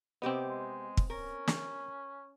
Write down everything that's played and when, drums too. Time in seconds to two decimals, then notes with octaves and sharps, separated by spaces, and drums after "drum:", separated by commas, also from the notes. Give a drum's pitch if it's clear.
0.22 C3 B3 C4 G4 D#5
0.47 G#3
0.97 drum: kick
1.10 C#4 A#4
1.48 drum: snare